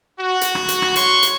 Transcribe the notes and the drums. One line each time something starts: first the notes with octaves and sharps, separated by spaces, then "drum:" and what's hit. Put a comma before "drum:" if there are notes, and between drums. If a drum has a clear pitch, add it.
F#4
drum: hi-hat
drum: rim click
drum: hi-hat
drum: rim click
C#5 C6 C#6, drum: hi-hat
drum: hi-hat